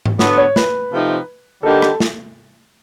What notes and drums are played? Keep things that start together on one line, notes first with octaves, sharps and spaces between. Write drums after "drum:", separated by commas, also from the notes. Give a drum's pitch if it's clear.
drum: tom G#2
D3 F#3 B3, drum: snare
C#5
B4, drum: snare
C3 F3 A3 C4 D#4
D3 G3 A#3 D#4 G4 A4
drum: rim click
drum: snare